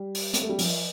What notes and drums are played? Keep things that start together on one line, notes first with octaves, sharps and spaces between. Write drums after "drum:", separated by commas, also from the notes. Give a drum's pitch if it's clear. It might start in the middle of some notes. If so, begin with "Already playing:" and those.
Already playing: G3
drum: open hi-hat
A#3, drum: hi-hat
A3
G3
F3, drum: open hi-hat